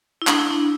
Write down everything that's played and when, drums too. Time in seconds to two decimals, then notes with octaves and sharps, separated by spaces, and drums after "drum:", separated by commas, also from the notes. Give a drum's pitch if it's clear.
0.22 E4
0.27 D4, drum: clap
0.39 E4
0.50 D4